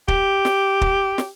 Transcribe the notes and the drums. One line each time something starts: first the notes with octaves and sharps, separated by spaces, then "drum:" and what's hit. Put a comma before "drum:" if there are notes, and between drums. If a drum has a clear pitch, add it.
G4, drum: kick
drum: snare
drum: kick
drum: snare